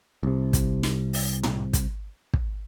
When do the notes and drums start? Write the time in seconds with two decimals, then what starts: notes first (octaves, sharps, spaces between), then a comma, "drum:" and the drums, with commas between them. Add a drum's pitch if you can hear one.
0.23 C2 C3
0.53 drum: kick, hi-hat
0.83 drum: snare
1.13 drum: open hi-hat
1.43 drum: tom
1.73 drum: kick, hi-hat
2.33 drum: kick